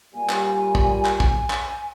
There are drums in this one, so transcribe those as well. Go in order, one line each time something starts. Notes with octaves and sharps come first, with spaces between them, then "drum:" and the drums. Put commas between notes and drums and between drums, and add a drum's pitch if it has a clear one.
A#2 G3 G#5
drum: clap
drum: kick A#1
drum: clap
drum: kick A#1
drum: clap